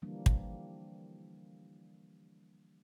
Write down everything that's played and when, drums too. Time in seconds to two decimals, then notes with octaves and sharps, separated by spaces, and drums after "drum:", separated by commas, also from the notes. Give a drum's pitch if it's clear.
0.02 D3 E3 F3 G3 A#3 D4
0.26 drum: kick